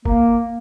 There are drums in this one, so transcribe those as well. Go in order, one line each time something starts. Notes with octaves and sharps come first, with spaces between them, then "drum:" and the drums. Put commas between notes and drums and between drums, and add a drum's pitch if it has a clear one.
A#3, drum: kick F#1